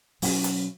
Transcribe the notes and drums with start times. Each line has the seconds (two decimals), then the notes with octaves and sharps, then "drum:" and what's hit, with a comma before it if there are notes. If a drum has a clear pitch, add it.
0.22 B2 F#3 C#4, drum: open hi-hat
0.44 drum: hi-hat